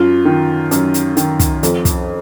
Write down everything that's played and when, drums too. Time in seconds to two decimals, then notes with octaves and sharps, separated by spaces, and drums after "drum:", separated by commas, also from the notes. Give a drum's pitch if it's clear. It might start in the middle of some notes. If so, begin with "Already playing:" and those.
Already playing: F#2 F4
0.25 D#3
0.71 F#2, drum: hi-hat
0.94 drum: hi-hat
1.17 D#3, drum: hi-hat
1.40 drum: kick, hi-hat
1.63 F2, drum: hi-hat
1.85 drum: kick, hi-hat